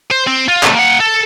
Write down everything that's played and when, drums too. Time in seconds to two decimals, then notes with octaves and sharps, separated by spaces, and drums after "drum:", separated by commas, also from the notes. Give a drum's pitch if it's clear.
0.11 C5
0.27 C4
0.48 F4
0.63 E2 A3, drum: clap
0.75 A#3 F#5
1.00 A4